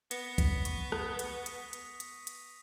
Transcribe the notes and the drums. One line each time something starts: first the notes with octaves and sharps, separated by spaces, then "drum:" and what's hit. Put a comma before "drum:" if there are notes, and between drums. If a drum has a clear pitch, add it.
B3 A#6 C#7, drum: hi-hat
B6, drum: kick, hi-hat
C#6, drum: hi-hat
D#6, drum: rim click
drum: hi-hat
drum: hi-hat
drum: hi-hat
drum: hi-hat
drum: hi-hat